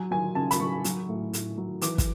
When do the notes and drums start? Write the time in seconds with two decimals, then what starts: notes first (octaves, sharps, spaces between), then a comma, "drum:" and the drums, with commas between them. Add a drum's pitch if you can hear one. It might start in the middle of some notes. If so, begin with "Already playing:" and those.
Already playing: F#3 G#5
0.11 F#3 G#5
0.35 C#3 A5
0.51 B5, drum: hi-hat
0.60 F#3 C#6
0.84 F#3, drum: hi-hat
1.09 A2
1.33 A2, drum: hi-hat
1.58 F#3
1.82 E3 D6, drum: hi-hat
1.98 drum: kick, hi-hat